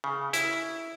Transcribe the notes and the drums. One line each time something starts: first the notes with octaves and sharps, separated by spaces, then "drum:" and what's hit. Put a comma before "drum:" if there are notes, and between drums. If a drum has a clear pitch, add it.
C#3
E4, drum: hi-hat